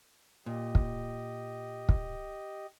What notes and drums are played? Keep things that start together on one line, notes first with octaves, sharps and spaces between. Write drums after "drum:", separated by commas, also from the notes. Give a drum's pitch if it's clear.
A#2 G4 D#5
drum: kick
drum: kick